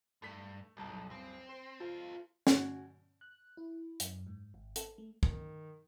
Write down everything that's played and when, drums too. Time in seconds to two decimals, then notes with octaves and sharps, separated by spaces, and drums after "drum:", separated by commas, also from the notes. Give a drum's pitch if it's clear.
0.22 G2 A3 B6
0.77 D1 B1 G2 A5
1.11 C4
1.49 C5 C6
1.80 F4 A4 C5 F5
2.47 F#4 G#5, drum: snare
3.21 F#6
3.57 E4
4.00 F#2, drum: hi-hat
4.27 G#2
4.54 G#1
4.76 A4, drum: hi-hat
4.98 A3
5.23 D#3, drum: kick